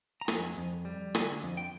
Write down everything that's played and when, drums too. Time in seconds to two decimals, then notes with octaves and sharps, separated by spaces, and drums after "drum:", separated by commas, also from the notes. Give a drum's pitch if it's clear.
0.21 A#5
0.28 F2 G#5, drum: rim click
0.57 F2
0.85 G3
1.15 D3 G#5, drum: rim click
1.43 F2
1.57 G5